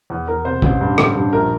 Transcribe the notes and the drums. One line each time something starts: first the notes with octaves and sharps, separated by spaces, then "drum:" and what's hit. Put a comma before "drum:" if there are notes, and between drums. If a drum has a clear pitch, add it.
E2
E2 A#4
C3 C5
A1, drum: kick
G2
A1, drum: rim click
G2
A#1 A#4